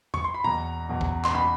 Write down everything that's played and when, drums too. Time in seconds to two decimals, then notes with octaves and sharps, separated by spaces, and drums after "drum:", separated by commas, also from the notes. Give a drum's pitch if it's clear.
0.14 C#6, drum: tom E2
0.24 C6
0.34 B5
0.44 E2 B2 A#5
0.89 E2 B2
1.01 drum: kick
1.25 C6, drum: clap
1.35 B2 B5